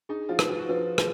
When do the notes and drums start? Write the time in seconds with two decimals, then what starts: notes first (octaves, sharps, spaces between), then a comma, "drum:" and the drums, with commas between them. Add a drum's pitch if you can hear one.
0.09 D#4 G#4
0.29 F3 F4
0.39 B4, drum: rim click
0.49 F3 F4
0.59 F#4
0.69 F3 F4 B4
0.98 G#4, drum: rim click